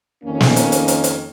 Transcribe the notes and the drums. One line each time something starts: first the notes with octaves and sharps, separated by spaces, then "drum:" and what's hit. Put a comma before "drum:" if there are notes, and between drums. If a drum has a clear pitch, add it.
F2 D#3 A#3 C#4
drum: snare
drum: hi-hat
drum: hi-hat
drum: hi-hat
drum: hi-hat